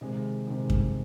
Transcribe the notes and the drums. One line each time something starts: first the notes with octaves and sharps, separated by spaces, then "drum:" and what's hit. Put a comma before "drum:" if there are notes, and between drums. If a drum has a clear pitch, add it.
C3 D#3 G#3
C3 D#3 G#3
drum: kick F#2